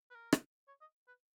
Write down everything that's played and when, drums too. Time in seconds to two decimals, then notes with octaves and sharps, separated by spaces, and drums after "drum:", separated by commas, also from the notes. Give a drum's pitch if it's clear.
0.10 B4
0.15 A#4
0.32 drum: rim click
0.68 C#5
0.81 D#5
1.08 B4